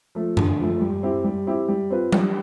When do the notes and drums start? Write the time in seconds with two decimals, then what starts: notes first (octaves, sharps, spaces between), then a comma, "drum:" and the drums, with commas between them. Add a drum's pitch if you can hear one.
0.15 F3 A3
0.37 D3, drum: tom F#2
0.59 F3 A3
0.81 G3
1.03 C4 E4 G4
1.24 G3
1.47 C4 E4 G4
1.68 G3
1.90 C4 F4 B4
2.12 G3, drum: tom F#3